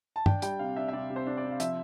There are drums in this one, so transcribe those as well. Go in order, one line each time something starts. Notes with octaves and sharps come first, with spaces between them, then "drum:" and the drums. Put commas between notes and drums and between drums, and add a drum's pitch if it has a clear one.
A5
D4 G5, drum: tom
G3 G5, drum: hi-hat
C3 F5
D4 E5
E5
C3 D5
C3
C5
D4
D5
C3
F5
F3 E5, drum: hi-hat